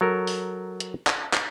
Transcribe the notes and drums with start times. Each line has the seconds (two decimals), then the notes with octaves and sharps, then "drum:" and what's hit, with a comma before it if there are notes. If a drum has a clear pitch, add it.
0.01 F#3 A4 A#4
0.27 drum: open hi-hat
0.80 drum: hi-hat
1.07 drum: clap
1.33 drum: clap